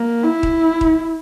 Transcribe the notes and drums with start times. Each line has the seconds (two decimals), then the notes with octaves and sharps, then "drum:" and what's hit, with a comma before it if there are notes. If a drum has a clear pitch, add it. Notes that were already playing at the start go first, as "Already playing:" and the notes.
Already playing: A#3
0.23 E4
0.43 drum: kick D#1
0.81 drum: kick D#1